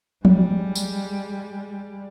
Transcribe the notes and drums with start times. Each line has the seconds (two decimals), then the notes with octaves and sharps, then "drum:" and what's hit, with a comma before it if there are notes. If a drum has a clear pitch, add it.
0.25 G3 G#3, drum: tom F3
0.75 drum: tambourine